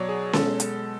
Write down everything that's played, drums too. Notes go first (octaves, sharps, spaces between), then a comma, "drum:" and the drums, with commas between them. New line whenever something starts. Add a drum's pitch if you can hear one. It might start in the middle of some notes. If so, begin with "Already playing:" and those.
Already playing: B2 F#3 C#5 D5
G#4
B2 G#3 A4, drum: snare C#4
drum: hi-hat